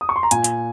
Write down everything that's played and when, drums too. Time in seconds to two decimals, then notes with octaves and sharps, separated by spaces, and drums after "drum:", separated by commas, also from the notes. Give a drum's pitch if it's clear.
0.01 D#6
0.09 C#6
0.16 C6
0.23 A#5
0.31 A#2 G#5, drum: hi-hat
0.44 drum: hi-hat